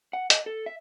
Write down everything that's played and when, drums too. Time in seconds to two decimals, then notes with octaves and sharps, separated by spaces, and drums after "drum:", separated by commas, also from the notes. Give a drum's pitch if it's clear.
0.13 F#5
0.30 D#5, drum: hi-hat
0.46 A4
0.66 E5